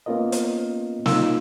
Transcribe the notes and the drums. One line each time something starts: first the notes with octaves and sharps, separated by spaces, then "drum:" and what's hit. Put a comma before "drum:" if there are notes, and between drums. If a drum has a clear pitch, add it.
A#3 B3 C#4 F4 A#4 D#5
drum: hi-hat
A#3 D#4 F4 E6, drum: snare